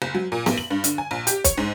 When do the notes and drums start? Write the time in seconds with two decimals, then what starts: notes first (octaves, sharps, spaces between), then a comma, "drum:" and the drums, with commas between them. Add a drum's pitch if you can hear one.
0.02 F#1
0.15 F#3
0.32 A#2
0.46 A1, drum: snare B3
0.58 F#7
0.70 G2
0.84 D3, drum: hi-hat
0.98 G#5
1.11 A#1
1.27 G4, drum: hi-hat
1.44 C#5, drum: kick B1, hi-hat
1.58 G#2